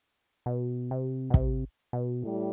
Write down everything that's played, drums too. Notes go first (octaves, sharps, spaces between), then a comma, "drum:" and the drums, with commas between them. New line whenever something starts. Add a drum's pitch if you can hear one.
B2
C3
B2
C3, drum: kick
B2
A2 G3